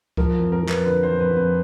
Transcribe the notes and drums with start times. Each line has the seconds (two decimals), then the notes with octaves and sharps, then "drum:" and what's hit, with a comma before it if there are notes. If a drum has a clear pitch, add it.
0.17 F3 A#4, drum: kick C#2
0.39 F2
0.52 A#4
0.63 F3
0.69 B4, drum: clap
0.85 D3 B4
1.03 C5
1.09 F2
1.20 B4
1.31 F2
1.37 B4